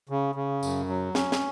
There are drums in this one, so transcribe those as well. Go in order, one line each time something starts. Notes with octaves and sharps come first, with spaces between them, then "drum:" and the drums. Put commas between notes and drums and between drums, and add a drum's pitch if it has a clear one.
C#3
C#3
F#2, drum: tambourine
F#3
C#4, drum: snare
drum: snare